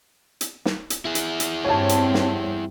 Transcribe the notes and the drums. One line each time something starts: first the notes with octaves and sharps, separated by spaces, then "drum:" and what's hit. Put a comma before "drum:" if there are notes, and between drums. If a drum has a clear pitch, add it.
drum: hi-hat
drum: snare
drum: hi-hat
E4 G#4
drum: hi-hat
drum: hi-hat
G2 C4 G4 C#5 A5
drum: hi-hat
drum: snare